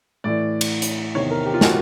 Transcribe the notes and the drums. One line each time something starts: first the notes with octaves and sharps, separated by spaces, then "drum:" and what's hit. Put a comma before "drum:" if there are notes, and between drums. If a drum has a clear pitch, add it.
A2 E3 D5
drum: cymbal
drum: hi-hat
E2 C3 D#3 C#5
A#4
G4
F4
F#4, drum: snare